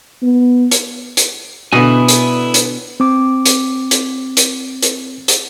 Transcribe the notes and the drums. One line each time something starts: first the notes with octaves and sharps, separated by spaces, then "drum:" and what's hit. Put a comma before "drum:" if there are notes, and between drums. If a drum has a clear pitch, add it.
B3
drum: hi-hat
drum: hi-hat
B2 D3 B3 E4 G#5
drum: hi-hat
drum: hi-hat
C4 D6
drum: hi-hat
drum: hi-hat
drum: hi-hat
drum: hi-hat
drum: hi-hat